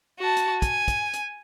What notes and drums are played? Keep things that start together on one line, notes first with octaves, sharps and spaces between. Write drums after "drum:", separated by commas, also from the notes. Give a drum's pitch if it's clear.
F#4 A5
drum: hi-hat
G#5, drum: kick, hi-hat
drum: kick, hi-hat
drum: hi-hat